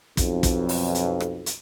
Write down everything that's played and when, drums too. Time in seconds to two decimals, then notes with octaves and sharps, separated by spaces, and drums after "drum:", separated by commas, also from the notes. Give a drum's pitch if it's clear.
0.17 B1 F2, drum: kick, hi-hat
0.43 drum: kick, hi-hat
0.69 drum: open hi-hat
0.95 drum: hi-hat
1.20 drum: rim click
1.46 drum: hi-hat